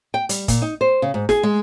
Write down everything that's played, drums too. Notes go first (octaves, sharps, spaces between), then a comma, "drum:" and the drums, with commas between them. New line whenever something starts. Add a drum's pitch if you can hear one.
G5
G3, drum: hi-hat
A#2, drum: kick, hi-hat
D#4
C5
C#3
G#2
G#4, drum: snare
G#3